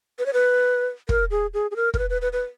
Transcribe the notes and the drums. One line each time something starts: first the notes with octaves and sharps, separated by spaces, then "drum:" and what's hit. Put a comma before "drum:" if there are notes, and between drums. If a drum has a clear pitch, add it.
B4
C#5
B4
A#4, drum: kick
G#4
G#4
G#4
A#4
A#4, drum: kick
B4
B4
B4
B4